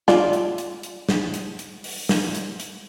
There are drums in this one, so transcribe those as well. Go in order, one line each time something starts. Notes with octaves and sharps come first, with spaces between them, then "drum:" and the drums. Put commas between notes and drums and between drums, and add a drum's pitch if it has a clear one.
F4 D5, drum: snare
drum: hi-hat
drum: hi-hat
drum: hi-hat
drum: snare
drum: hi-hat
drum: hi-hat
drum: open hi-hat
drum: snare
drum: hi-hat
drum: hi-hat